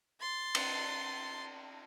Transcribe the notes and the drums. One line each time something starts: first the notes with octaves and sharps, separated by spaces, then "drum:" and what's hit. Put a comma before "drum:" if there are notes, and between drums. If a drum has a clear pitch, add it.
C6 A6
drum: cymbal